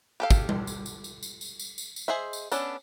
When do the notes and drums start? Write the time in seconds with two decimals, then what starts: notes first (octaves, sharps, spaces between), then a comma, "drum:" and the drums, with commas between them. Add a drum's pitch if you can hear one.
0.20 G4 A4 F5
0.30 drum: kick, tambourine
0.49 drum: tom G3
0.67 drum: tambourine
0.86 drum: tambourine
1.04 drum: tambourine
1.23 drum: tambourine
1.41 drum: tambourine
1.59 drum: tambourine
1.78 drum: tambourine
1.96 drum: tambourine
2.08 G#4 C5 D#5 E5
2.33 drum: tambourine
2.52 B3 C#4 D4 A4, drum: tambourine